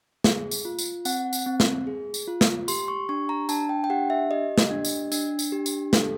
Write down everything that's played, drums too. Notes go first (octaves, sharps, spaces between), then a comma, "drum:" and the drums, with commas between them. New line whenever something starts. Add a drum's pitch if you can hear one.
G#4, drum: snare
drum: tambourine
F4
drum: tambourine
C4 F#5, drum: tambourine
drum: tambourine
C4
drum: snare
G#4
drum: tambourine
F4
drum: snare
G4 C6, drum: tambourine
C#6
D4 C#6
A#5
D4 A5, drum: tambourine
G5
G5
G4 F#5
E5
G4 D#5
drum: snare
D4
drum: tambourine
D4, drum: tambourine
drum: tambourine
G4
drum: tambourine
A4, drum: snare